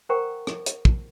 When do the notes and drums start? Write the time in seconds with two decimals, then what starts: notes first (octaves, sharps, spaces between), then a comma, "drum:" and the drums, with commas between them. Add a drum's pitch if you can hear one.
0.09 A#4 C5 F#5 G5 A#5 C#6
0.47 drum: rim click
0.66 drum: hi-hat
0.85 drum: kick